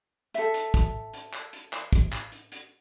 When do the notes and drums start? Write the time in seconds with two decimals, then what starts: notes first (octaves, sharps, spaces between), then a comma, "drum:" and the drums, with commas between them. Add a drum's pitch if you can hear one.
0.34 A4 E5, drum: hi-hat
0.54 drum: hi-hat
0.74 drum: kick, hi-hat
1.13 drum: hi-hat
1.33 drum: clap
1.53 drum: hi-hat
1.73 drum: clap
1.93 drum: kick, hi-hat
2.12 drum: clap
2.32 drum: hi-hat
2.52 drum: hi-hat